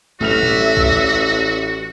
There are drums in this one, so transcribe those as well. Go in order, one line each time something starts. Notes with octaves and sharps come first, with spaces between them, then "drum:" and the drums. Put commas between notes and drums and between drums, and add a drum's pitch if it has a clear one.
A1 A3 F#4 D5 E5 F6 F7, drum: tom
drum: tom
drum: kick